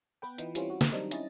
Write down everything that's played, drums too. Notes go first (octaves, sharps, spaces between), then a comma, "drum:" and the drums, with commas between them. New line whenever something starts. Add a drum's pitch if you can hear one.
B3 B4 G5
E3 D#4 F4, drum: hi-hat
E3 G3 C4 C#4 E4 F4, drum: hi-hat
F#4
drum: snare
D#3 F#3 G3 C4 D4 D#4
C#4 E4 D#5 A6, drum: hi-hat